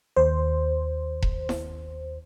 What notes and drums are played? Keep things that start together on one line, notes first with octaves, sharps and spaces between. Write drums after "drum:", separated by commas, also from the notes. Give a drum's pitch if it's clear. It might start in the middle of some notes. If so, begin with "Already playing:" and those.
D#2 C5
drum: kick E1
drum: snare E4